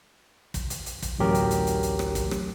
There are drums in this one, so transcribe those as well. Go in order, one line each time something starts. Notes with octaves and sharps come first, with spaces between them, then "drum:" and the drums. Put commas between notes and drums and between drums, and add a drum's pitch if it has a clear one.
drum: kick, hi-hat
drum: hi-hat
drum: hi-hat
drum: kick, hi-hat
A1 D2 F#3 G4 A#4
drum: hi-hat
drum: hi-hat
drum: hi-hat
drum: hi-hat
drum: rim click
drum: kick, hi-hat
drum: rim click